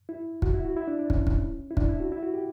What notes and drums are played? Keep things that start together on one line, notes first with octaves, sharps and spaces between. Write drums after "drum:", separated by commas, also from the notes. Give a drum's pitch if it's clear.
E4
F#4, drum: kick
E4
F#4
E4
D4
D4
C#4, drum: kick
drum: kick
E4
D4, drum: kick
E4
F#4
E4
F#4
G4